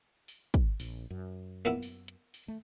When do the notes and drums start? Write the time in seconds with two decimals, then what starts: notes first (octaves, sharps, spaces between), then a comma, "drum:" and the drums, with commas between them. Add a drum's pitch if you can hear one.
0.28 drum: open hi-hat
0.54 drum: kick, hi-hat
0.80 A#1, drum: open hi-hat
1.10 F#2
1.65 A#3 B3 E4
1.82 drum: open hi-hat
2.08 drum: hi-hat
2.34 drum: open hi-hat
2.48 A3